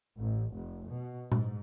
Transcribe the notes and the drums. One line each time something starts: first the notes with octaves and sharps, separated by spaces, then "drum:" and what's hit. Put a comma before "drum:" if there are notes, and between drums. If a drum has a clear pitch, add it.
A1
F1
B2
G#2, drum: tom A#2